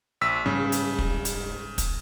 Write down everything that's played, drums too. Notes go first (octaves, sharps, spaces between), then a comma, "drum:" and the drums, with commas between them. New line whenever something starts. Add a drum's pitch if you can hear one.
A#1 E6 B6
G#2 C#3 G3 C#4
drum: hi-hat
drum: kick
drum: hi-hat
drum: kick, hi-hat